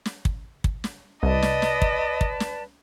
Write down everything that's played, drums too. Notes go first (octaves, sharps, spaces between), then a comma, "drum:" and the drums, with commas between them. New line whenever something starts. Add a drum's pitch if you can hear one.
drum: snare
drum: kick
drum: kick
drum: snare
C2 B4 D5 D#5 A5
drum: snare
drum: snare
drum: kick
drum: kick
drum: snare